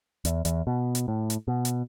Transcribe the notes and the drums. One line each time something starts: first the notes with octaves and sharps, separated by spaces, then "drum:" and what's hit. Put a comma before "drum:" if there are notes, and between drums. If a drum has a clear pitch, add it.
E2, drum: hi-hat
E2, drum: hi-hat
B2
drum: hi-hat
A2
drum: hi-hat
B2
drum: hi-hat